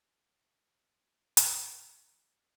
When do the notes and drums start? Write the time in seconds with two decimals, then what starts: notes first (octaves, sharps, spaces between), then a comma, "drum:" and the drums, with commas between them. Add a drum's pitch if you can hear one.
0.22 F2
0.57 D#3
1.37 drum: hi-hat
1.73 B2